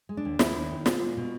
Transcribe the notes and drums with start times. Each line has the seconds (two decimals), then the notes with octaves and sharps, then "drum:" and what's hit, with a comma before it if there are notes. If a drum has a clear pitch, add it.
0.09 G#3
0.17 D4
0.25 D#2
0.39 D#2 E4, drum: snare
0.56 D#2
0.71 D#3
0.86 B2 F4, drum: snare
1.02 G#3
1.17 B2